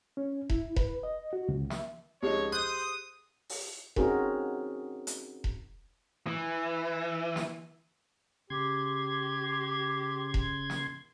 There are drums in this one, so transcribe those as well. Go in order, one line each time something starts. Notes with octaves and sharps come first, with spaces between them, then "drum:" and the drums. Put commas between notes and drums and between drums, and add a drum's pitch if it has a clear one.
C#4
E4, drum: kick E1
B4, drum: kick E1
D#5
F#4
C#2
E5, drum: snare
C#2 F3 D#4 G4 G#4 C#5
C5 D#6 F#6 G6
drum: open hi-hat
C4 C#4 D#4 F#4 G#4 A#4, drum: kick E1
drum: hi-hat
drum: kick E1
E3
drum: snare
C#3 G4 C6 G#6
drum: kick E1
drum: snare